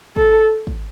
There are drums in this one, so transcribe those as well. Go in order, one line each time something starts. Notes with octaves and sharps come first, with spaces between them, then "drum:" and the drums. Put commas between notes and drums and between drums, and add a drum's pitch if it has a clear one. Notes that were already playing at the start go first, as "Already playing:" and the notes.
A4, drum: kick
drum: kick